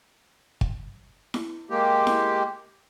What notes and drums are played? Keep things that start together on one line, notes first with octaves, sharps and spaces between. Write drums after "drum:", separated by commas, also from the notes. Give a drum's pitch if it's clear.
drum: kick
drum: snare E4
G#3 A#3 G4
drum: snare E4